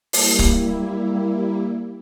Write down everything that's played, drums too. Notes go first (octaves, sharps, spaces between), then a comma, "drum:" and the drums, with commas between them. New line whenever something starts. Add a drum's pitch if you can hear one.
G3 A#3 E4, drum: open hi-hat
drum: kick